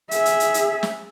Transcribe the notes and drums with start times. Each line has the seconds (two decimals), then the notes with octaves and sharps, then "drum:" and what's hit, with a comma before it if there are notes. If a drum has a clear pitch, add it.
0.11 G#4 E5, drum: hi-hat
0.26 drum: hi-hat
0.40 drum: hi-hat
0.54 drum: hi-hat
0.83 drum: snare